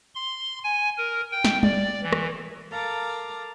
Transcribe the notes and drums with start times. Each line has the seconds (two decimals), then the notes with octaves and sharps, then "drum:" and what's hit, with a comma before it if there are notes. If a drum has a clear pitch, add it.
0.15 C6
0.64 G#5
0.98 A#4
1.32 G5
1.44 drum: snare
1.63 D5, drum: tom G3
2.03 E3
2.13 drum: rim click
2.71 A4 A#4 F5 A#5 D6